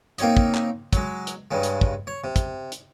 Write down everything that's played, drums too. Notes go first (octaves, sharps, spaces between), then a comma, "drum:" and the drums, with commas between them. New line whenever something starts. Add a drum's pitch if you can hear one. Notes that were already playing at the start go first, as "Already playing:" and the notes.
A#3 C4 D#4 C#5 D#5, drum: hi-hat
drum: kick
drum: clap
F#3 G#3, drum: kick, hi-hat
drum: hi-hat
G2 C#3 G#3
drum: hi-hat
drum: kick
C#5
C3
drum: kick, hi-hat
drum: hi-hat